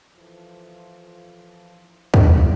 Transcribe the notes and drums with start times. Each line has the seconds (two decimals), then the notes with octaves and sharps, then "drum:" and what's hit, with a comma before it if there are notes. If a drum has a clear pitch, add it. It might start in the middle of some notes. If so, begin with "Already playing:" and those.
0.14 E3 F3 F4 A4
2.14 drum: kick